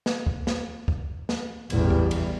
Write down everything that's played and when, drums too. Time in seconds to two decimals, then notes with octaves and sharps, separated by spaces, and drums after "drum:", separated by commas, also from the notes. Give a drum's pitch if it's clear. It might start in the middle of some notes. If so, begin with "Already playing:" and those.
0.06 drum: snare
0.27 drum: kick C#2
0.47 drum: snare
0.88 drum: kick C#2
1.29 drum: snare
1.70 A1 E2 G3, drum: cymbal
1.90 drum: kick C#2
2.11 drum: cymbal